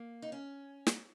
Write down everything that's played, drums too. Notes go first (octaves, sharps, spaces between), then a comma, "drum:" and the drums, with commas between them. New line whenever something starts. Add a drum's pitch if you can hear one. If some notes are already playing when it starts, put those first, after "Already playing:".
Already playing: A#3
D#4
C#4
drum: snare